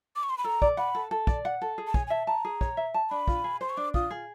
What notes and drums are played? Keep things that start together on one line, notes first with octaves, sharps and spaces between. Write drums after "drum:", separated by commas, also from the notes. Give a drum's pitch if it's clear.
D6
C#6
C6
B5
A4 A#5
D5, drum: kick
F#5 B5
A4
A4
D5, drum: kick
F#5
A4
G#4
A5
C#5 G#5, drum: kick
G#5
E5 A5
A5 A#5
G#4
C#5, drum: kick
E5
A5
D4 B5
F4, drum: kick
G#4
C5 C6
C#6
D4 D6
F4 D#6, drum: kick
G#4